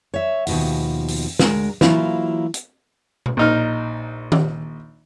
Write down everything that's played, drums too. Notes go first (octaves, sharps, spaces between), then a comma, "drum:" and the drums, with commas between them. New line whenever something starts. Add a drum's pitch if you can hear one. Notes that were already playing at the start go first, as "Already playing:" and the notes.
C#5 E5
D#2 B2 F3, drum: open hi-hat
drum: open hi-hat
D2 G#3 A#4, drum: snare
E3 F#3 A#3 E4 F4 F5, drum: snare
drum: hi-hat
drum: tom B2
A#1 D#4 F6
drum: tom D#3